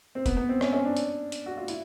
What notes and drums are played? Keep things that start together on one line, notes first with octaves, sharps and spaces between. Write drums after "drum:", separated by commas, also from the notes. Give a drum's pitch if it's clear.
C4
B3, drum: kick E1, hi-hat
B3
C4
C#4, drum: rim click
C#4
D4
drum: hi-hat
drum: hi-hat
F#4
F4
E4, drum: hi-hat